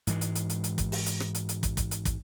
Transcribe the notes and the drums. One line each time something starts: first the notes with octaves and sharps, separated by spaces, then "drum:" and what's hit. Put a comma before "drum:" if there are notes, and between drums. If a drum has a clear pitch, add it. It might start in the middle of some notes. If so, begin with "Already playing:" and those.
G#2 E3 G#3, drum: hi-hat
drum: hi-hat
drum: hi-hat
drum: hi-hat
drum: hi-hat
drum: kick, hi-hat
drum: open hi-hat
drum: hi-hat
drum: rim click
drum: hi-hat
drum: hi-hat
drum: kick, hi-hat
drum: kick, hi-hat
drum: hi-hat
drum: kick, hi-hat